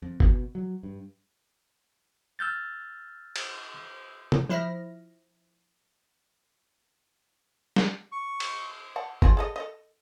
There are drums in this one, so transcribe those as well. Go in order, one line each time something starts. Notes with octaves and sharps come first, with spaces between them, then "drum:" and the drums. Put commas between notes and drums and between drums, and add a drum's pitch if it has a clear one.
F2
B2, drum: kick G1
F#3
G2
E6 F6 G6 A6
drum: cymbal
drum: tom
F3 E4 E5 F6 A#6
drum: snare
C#6
drum: cymbal
F#5 A5
C4 F4 G#4, drum: kick G1
G#4 A4 D#5
A4 D#5